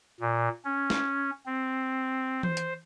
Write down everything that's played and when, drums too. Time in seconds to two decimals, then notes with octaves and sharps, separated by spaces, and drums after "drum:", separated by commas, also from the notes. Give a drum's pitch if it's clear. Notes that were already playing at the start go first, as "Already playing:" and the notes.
0.21 A#2
0.65 C#4
0.90 drum: snare
1.46 C4
2.43 C5, drum: tom E3
2.57 drum: hi-hat